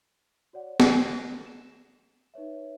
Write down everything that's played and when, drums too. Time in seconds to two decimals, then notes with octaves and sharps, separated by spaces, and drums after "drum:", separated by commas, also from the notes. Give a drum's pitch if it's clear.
0.53 F#4 C#5 D5 F#5
0.80 F#6 A#6 C7, drum: snare
1.46 E7
2.34 D#4 B4 C#5 E5